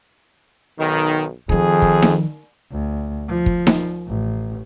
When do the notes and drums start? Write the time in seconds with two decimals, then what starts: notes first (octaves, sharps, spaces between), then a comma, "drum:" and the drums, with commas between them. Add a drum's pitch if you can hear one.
0.79 B1 D#3
1.49 F2 D#3 F3 G#4
1.82 drum: kick
2.02 drum: snare D#4
2.71 D2
3.29 F3
3.46 drum: kick
3.67 drum: snare D#4
4.08 A1